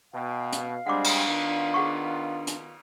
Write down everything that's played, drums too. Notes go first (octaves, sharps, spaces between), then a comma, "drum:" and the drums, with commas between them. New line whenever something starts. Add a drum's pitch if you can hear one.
B2 F5 G5
drum: hi-hat
G3 G#3 C4 D4 F#5 D6
drum: cymbal
D#3 B3 F4
G#4 F#5 C#6
drum: hi-hat